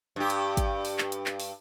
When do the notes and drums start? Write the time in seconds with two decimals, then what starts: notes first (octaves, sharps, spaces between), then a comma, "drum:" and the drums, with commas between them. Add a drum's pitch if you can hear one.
0.16 G2 G4
0.30 drum: hi-hat
0.57 drum: kick G#1, hi-hat
0.85 drum: open hi-hat
0.98 drum: clap
1.12 drum: hi-hat
1.26 drum: clap
1.40 drum: open hi-hat